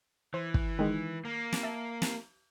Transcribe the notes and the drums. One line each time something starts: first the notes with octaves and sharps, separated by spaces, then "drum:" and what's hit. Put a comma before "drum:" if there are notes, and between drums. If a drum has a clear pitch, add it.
E3 C5
drum: kick
D#3 G#3
A#3
drum: snare
E5 A5
drum: snare